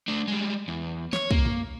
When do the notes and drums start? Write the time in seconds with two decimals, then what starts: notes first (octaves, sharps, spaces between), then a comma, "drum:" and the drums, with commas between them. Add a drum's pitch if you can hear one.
0.08 A3 D4
0.28 G3 G#3
0.68 E2
1.13 C#5, drum: snare
1.31 A#3, drum: kick
1.45 drum: tom F#2